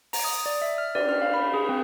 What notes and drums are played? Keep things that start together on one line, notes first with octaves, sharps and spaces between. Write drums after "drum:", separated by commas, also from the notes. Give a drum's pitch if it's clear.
A#5, drum: open hi-hat
D#6
D5
E5
F6
D5, drum: cymbal
F6
F5
B5
G#4
C4